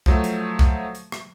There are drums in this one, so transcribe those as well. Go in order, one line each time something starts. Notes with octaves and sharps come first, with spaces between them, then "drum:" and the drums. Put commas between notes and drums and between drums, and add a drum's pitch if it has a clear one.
F3 F#3 A3, drum: kick
drum: hi-hat
drum: kick
drum: hi-hat
drum: rim click